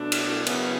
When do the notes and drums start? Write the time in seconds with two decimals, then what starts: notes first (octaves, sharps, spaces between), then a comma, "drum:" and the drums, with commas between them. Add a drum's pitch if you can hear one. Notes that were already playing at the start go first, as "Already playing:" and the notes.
Already playing: B2 F#3 A3 D4
0.12 drum: cymbal
0.46 C#3 F#3 B3, drum: cymbal